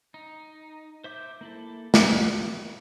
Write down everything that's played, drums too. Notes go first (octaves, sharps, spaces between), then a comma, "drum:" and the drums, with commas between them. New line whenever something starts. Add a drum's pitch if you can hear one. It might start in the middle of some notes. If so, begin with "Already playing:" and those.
D#4
C5 E5 D6 G6
A#3 E4 A4
F#4, drum: snare